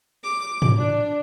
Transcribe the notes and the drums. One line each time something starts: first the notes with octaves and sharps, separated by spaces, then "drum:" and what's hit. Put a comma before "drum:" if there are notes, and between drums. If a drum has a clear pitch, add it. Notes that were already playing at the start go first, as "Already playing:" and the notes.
D6
drum: tom G#2
D4